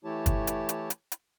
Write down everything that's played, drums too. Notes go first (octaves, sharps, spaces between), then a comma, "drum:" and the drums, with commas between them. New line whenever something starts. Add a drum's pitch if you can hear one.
E3 A3 E4 G4 C#5 A5
drum: kick, hi-hat
drum: hi-hat
drum: hi-hat
drum: hi-hat
drum: hi-hat